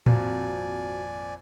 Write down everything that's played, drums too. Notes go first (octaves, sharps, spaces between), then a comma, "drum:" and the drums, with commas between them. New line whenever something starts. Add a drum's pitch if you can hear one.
G#1 F2 A#2 F#4 D5 G#5, drum: tom A2